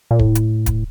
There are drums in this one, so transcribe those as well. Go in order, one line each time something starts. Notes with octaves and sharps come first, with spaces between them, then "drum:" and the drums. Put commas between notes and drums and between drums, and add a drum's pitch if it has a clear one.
A#2
A2, drum: kick D1
drum: hi-hat
drum: kick D1, hi-hat